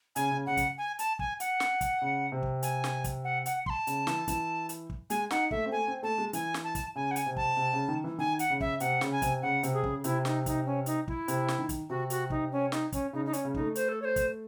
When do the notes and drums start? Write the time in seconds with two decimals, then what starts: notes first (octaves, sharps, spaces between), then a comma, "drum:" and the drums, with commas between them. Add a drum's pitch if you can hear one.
0.16 C#3 G#5, drum: hi-hat
0.31 C#3
0.46 C#3 F#5
0.57 drum: kick, hi-hat
0.78 G#5
0.99 A5, drum: hi-hat
1.19 G#5, drum: kick
1.40 F#5, drum: hi-hat
1.60 drum: snare
1.81 drum: kick, hi-hat
2.02 C#3
2.32 C3
2.43 drum: kick
2.63 G#5, drum: hi-hat
2.84 drum: snare
3.04 drum: kick, hi-hat
3.24 F#5
3.46 F#5, drum: hi-hat
3.66 C6, drum: kick
3.70 A5
3.87 C#3, drum: hi-hat
4.07 E3, drum: snare
4.28 E3, drum: kick, hi-hat
4.69 drum: hi-hat
4.90 drum: kick
5.10 G#3 G#5, drum: hi-hat
5.31 D#4 F#5, drum: snare
5.51 A3 E5, drum: kick
5.66 C4
5.72 A3 G#5
5.87 C4
6.03 A3 A5
6.18 G#3
6.33 E3 G#5, drum: hi-hat
6.54 drum: snare
6.64 A5
6.75 drum: kick, hi-hat
6.95 C#3 G#5
7.11 F#5
7.16 G#5, drum: hi-hat
7.26 C3
7.36 A5, drum: kick
7.57 C3
7.73 C#3
7.88 D#3
8.04 E3
8.18 D#3 G#5
8.39 F#5, drum: hi-hat
8.50 C#3
8.61 E5, drum: kick
8.80 C3 F#5, drum: hi-hat
9.01 C#3, drum: snare
9.12 G#5
9.22 C3, drum: kick, hi-hat
9.42 C#3 F#5
9.63 C3, drum: hi-hat
9.73 G#4
9.83 C#3, drum: kick
10.04 C3 E4, drum: hi-hat
10.25 D#4, drum: snare
10.46 D#4, drum: kick, hi-hat
10.66 C#4
10.86 D#4, drum: hi-hat
11.08 E4, drum: kick
11.28 C3, drum: hi-hat
11.48 drum: snare
11.59 D#3
11.69 drum: kick, hi-hat
11.89 C3 F#4
12.10 F#4, drum: hi-hat
12.30 D#4, drum: kick
12.52 C#4
12.72 D#4, drum: snare
12.92 C#4, drum: kick, hi-hat
13.13 C#3 D#4
13.26 D#4
13.33 C#4, drum: hi-hat
13.45 C#3
13.54 D#4, drum: kick
13.60 A3
13.75 C5, drum: hi-hat
13.89 A4
14.02 C#5
14.05 C5
14.16 drum: kick, hi-hat